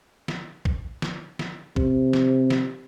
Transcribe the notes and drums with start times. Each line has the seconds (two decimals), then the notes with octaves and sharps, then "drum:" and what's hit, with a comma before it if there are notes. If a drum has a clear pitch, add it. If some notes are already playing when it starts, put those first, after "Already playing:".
0.28 drum: snare
0.65 drum: kick
1.02 drum: snare
1.39 drum: snare
1.76 C3, drum: kick
2.13 drum: snare
2.50 drum: snare